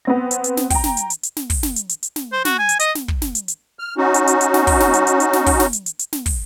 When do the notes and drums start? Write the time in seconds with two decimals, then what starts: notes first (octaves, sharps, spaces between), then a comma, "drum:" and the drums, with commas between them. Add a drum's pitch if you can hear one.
0.05 B3 C4 A#6
0.31 drum: hi-hat
0.44 drum: hi-hat
0.57 drum: snare
0.70 G5 A#5, drum: kick, open hi-hat
0.84 drum: snare
0.97 drum: hi-hat
1.10 drum: hi-hat
1.23 drum: hi-hat
1.37 drum: snare
1.50 drum: kick, open hi-hat
1.63 drum: snare
1.76 drum: hi-hat
1.89 drum: hi-hat
2.03 drum: hi-hat
2.16 drum: snare
2.32 C5
2.45 F#4, drum: snare
2.59 G#5
2.69 drum: hi-hat
2.79 D#5, drum: hi-hat
2.95 drum: snare
3.08 drum: kick
3.22 drum: snare
3.35 drum: hi-hat
3.48 drum: hi-hat
3.79 F6
3.97 C#4 D#4 F#4
4.14 drum: hi-hat
4.27 drum: hi-hat
4.41 drum: hi-hat
4.54 drum: snare
4.67 drum: kick, open hi-hat
4.80 drum: snare
4.94 drum: hi-hat
5.07 drum: hi-hat
5.20 drum: hi-hat
5.33 drum: snare
5.46 drum: kick, open hi-hat
5.60 drum: snare
5.73 drum: hi-hat
5.86 drum: hi-hat
5.99 drum: hi-hat
6.13 drum: snare
6.26 drum: kick, open hi-hat